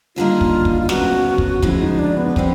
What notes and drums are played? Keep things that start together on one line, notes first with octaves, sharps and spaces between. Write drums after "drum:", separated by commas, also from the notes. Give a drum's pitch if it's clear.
D#2 D3 G3 A#3 D#4 F4
drum: kick
drum: kick
F4
D2 C#3 F#3 B3 F#4, drum: snare
drum: kick
D2 C#3 F3 G#3 E4, drum: kick
D#4
D4
B3
F3 G#3 B3 C4, drum: kick